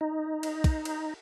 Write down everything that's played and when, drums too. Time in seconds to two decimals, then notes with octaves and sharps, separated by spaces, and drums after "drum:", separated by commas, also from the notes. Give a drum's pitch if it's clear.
0.01 D#4
0.43 drum: cymbal
0.64 drum: kick, cymbal
0.85 drum: cymbal